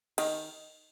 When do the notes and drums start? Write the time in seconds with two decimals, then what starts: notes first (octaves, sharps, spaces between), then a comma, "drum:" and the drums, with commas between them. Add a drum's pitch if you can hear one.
0.18 D#3, drum: cymbal